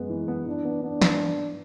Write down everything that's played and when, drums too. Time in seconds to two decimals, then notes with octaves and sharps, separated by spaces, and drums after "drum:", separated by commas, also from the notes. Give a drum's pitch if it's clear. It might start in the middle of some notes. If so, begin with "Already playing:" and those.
Already playing: F#2 G#3 B3
0.09 E3
0.28 B3
0.46 E3 D4
0.65 B3
0.83 B3 D4
1.01 B3, drum: snare